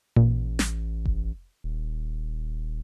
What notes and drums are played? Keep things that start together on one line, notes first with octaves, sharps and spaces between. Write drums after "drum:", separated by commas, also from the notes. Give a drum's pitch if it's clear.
A1 A#2
drum: snare
drum: kick F1
D#1